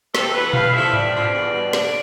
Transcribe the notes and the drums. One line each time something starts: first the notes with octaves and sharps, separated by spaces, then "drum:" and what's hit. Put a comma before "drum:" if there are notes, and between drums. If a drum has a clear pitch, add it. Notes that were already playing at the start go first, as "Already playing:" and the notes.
C3 A4, drum: snare
E3 B3 E4 B4
G2 F5, drum: tom A#2
D3 F3 A3 E4 E5
G2 D5, drum: tom G#2
D3 F3 C4 F4
E2
B2 G3 B3
D3, drum: snare